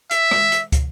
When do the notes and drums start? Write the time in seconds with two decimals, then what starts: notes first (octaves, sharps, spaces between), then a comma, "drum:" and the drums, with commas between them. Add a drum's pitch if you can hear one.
0.11 E5, drum: hi-hat
0.31 drum: rim click
0.52 drum: hi-hat
0.72 drum: kick, hi-hat